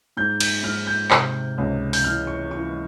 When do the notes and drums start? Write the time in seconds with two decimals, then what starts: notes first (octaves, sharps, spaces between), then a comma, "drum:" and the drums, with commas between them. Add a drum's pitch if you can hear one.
0.17 G#2 G6
0.40 G6, drum: cymbal
0.63 G#2 F6
0.87 G6
1.11 C3, drum: clap
1.58 C#2
1.93 G6, drum: open hi-hat
2.04 E3 F6
2.27 C#6
2.51 E3 C#6